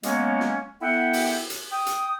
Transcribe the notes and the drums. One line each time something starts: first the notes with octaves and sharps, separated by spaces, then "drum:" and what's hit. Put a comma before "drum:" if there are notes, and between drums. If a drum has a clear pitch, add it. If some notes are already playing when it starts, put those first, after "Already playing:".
F#3 G#3 A#3 B3 C#4, drum: hi-hat
drum: snare
B3 E4 A4 E5 F#5 G5
drum: open hi-hat
drum: hi-hat
G5 D#6
drum: hi-hat